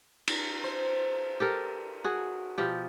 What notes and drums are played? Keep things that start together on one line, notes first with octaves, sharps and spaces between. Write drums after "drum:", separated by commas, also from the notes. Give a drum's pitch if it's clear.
drum: cymbal
C5
G4 A4 A#4
F#4 G#4
B2 F3 G4